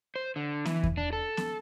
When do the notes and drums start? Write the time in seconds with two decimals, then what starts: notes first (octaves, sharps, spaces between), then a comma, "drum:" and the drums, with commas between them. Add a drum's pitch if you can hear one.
0.16 C5
0.36 D3
0.65 E3, drum: snare B3
0.83 drum: kick E2
0.97 D4
1.13 A4
1.37 drum: snare B3